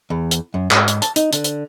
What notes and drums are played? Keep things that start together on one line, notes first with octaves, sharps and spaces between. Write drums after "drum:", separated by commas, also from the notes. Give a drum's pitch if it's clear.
E2
drum: hi-hat
F#2
G#2, drum: clap
drum: hi-hat
A5, drum: hi-hat
D#4, drum: hi-hat
D3, drum: hi-hat
drum: hi-hat